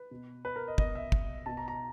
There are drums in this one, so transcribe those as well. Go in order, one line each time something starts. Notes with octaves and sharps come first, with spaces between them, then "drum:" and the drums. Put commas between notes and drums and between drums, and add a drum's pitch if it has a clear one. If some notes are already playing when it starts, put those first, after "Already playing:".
Already playing: B4
B2
B4
A#4
D#5
B2 D#5, drum: kick
E5
drum: kick
B2 A5
A#5
A#5